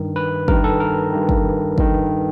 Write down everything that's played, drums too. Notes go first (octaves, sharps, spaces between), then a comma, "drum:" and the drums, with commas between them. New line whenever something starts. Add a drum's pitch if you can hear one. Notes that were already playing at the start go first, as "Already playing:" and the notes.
Already playing: G2 D#3
B4
G2 D#3 A#4, drum: kick
A4
A#4
G2 D#3
drum: kick
G2 D#3, drum: kick